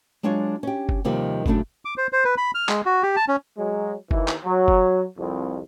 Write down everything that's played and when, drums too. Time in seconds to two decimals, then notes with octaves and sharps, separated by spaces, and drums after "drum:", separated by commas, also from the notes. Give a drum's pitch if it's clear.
0.23 F#3 G#3 D4 F4 C#5 D5
0.63 C#4 G4
0.89 drum: kick F#1
1.04 D#2 C3 D#3 F3 G3
1.46 A2 C#3 F#3 A3 C#4 D4, drum: kick F#1
1.85 D6
1.97 C5
2.13 C5
2.25 B4
2.37 B5
2.55 F6
2.69 G#3, drum: clap
2.86 F#4
3.03 G4
3.16 A5
3.28 C#4
3.58 F#3 G#3
4.11 D#2 E3, drum: kick F#1
4.28 drum: clap
4.45 F#3
4.68 drum: kick F#1
5.18 C2 F2